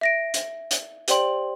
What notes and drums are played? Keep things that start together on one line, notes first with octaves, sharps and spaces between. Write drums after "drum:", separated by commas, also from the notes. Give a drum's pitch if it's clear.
E5 A#6 D7
drum: hi-hat
drum: hi-hat
G4 C5 D5 G5 C6 F#7, drum: hi-hat